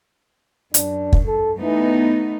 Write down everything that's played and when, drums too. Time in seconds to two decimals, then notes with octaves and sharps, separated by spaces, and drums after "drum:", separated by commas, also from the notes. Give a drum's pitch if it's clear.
0.74 F#2 D4, drum: hi-hat
1.13 drum: kick
1.26 A4
1.61 E3 A3 B3 D#4